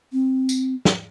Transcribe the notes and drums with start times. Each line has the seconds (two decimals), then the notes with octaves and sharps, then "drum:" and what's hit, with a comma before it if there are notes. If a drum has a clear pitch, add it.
0.12 C4
0.49 drum: tambourine
0.85 drum: snare